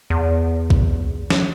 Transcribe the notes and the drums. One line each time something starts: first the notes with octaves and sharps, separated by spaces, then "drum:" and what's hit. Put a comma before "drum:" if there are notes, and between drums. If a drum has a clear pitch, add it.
E2
drum: kick
drum: snare